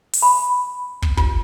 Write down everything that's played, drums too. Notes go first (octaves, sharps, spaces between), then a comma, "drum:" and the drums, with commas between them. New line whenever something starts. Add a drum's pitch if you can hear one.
drum: open hi-hat
B5
drum: kick
F4, drum: kick